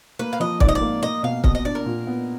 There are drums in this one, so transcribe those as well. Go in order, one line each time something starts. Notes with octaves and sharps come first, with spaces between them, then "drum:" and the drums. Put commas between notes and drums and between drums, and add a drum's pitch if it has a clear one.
A#3 B4
F5
F3 D#5
G#2 D5, drum: kick
D#5
D5
A#3
A#3 D#5
B2 F5
B2 D#5, drum: kick
D#5
D4 D5
A#4
A#2
B3